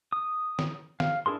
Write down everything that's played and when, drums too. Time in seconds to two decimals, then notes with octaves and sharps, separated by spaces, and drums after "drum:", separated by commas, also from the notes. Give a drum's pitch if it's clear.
0.12 D#6
0.59 drum: snare
1.00 F5, drum: snare
1.26 D4 E4 G#4 A#4 C6